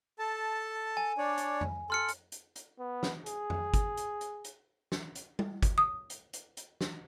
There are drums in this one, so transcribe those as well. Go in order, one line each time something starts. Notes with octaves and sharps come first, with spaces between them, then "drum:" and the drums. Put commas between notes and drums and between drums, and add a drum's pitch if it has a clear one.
A4 A5
G#5
D4 C#5 D5
drum: hi-hat
drum: tom F2
A4 C6 F6 C#7
drum: hi-hat
drum: hi-hat
drum: hi-hat
B3
drum: snare
G#4, drum: hi-hat
drum: tom F2
drum: kick G1, hi-hat
drum: hi-hat
drum: hi-hat
drum: hi-hat
drum: snare
drum: hi-hat
drum: tom G3
drum: kick G1, hi-hat
D#6
drum: hi-hat
drum: hi-hat
drum: hi-hat
drum: snare